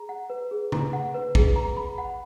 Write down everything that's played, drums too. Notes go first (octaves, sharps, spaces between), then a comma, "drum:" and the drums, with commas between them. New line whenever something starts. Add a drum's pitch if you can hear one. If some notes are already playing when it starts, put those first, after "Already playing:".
Already playing: G#4 A#5
F#5
B4
G#4
A#5, drum: tom C#3
F#5
B4
G#4, drum: kick
A#5
B5
F#5